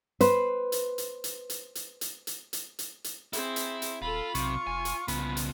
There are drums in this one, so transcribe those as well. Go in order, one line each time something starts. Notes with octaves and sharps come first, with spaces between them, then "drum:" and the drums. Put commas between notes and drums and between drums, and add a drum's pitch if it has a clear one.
B4 C5, drum: hi-hat
drum: hi-hat
drum: hi-hat
drum: hi-hat
drum: hi-hat
drum: hi-hat
drum: hi-hat
drum: hi-hat
drum: hi-hat
drum: hi-hat
drum: hi-hat
C4 E4 G#4, drum: hi-hat
drum: hi-hat
drum: hi-hat
D#1 F4 A4 B5
B1 C3 F4 C#6, drum: hi-hat
F1 G#5
drum: hi-hat
C2 C#3 B3 B5, drum: hi-hat
drum: hi-hat